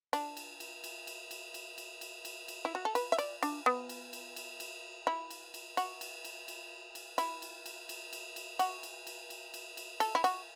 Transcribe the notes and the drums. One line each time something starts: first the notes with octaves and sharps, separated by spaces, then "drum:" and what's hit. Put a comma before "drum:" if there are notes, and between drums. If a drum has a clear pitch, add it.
D4, drum: cymbal
drum: cymbal
drum: cymbal
drum: cymbal
drum: cymbal
drum: cymbal
drum: cymbal
drum: cymbal
drum: cymbal
drum: cymbal
drum: cymbal
E4
F#4
A4
B4, drum: cymbal
E5
D5, drum: cymbal
D4, drum: cymbal
B3
drum: cymbal
drum: cymbal
drum: cymbal
drum: cymbal
E4
drum: cymbal
drum: cymbal
F#4, drum: cymbal
drum: cymbal
drum: cymbal
drum: cymbal
drum: cymbal
E4, drum: cymbal
drum: cymbal
drum: cymbal
drum: cymbal
drum: cymbal
drum: cymbal
F#4, drum: cymbal
drum: cymbal
drum: cymbal
drum: cymbal
drum: cymbal
drum: cymbal
A4, drum: cymbal
E4
F#4, drum: cymbal